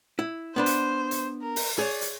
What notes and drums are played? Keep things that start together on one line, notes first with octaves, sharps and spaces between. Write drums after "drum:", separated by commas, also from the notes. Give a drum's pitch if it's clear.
E4
B3 D4 B4 C5
drum: hi-hat
drum: hi-hat
A#4
drum: open hi-hat
G#4 C#5 D5
drum: hi-hat